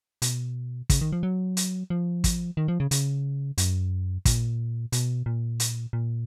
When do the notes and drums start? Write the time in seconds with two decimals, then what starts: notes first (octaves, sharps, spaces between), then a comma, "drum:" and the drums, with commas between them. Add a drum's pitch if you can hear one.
0.22 B2, drum: hi-hat
0.90 C#3, drum: kick, hi-hat
1.01 D#3
1.12 F3
1.23 F#3
1.57 drum: hi-hat
1.90 F3
2.24 drum: kick, hi-hat
2.57 D#3
2.68 F3
2.80 C#3
2.91 C#3, drum: hi-hat
3.58 F#2, drum: hi-hat
4.25 A#2, drum: kick, hi-hat
4.92 B2, drum: hi-hat
5.26 A#2
5.60 drum: hi-hat
5.93 A#2